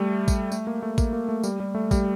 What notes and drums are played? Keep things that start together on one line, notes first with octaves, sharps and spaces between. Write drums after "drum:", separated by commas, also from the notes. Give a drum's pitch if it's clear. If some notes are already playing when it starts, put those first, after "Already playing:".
Already playing: G3 A3
drum: kick A1, tambourine
A3, drum: tambourine
A#3
A3
A#3, drum: kick A1, tambourine
A#3
A3
G3, drum: tambourine
G3
A3
G3, drum: kick A1, tambourine